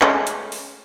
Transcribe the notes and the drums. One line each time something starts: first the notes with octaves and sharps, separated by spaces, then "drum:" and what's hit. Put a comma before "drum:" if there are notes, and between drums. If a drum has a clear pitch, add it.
G#3 A3 C#4, drum: clap
drum: hi-hat
drum: open hi-hat